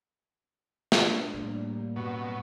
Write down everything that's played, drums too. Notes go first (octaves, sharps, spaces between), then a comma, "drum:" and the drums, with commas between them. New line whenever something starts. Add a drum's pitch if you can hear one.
D4, drum: snare
A2 G3 A#3
F#2 B2 F#5 C#6